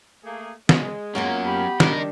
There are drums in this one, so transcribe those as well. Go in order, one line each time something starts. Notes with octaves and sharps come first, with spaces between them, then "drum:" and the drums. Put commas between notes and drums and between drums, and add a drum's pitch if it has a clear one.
A3 A#3 G#4
G#3, drum: snare
F#3 A#3 B3 C#4 F4 A#4
G4 B5
D#3 G3 D4 D#4 A#4, drum: snare